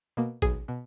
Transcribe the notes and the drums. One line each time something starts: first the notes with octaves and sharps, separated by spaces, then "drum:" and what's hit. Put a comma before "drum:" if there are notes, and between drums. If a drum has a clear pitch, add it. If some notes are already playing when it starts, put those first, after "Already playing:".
B2 A#3
B1 G#4, drum: kick A1
B2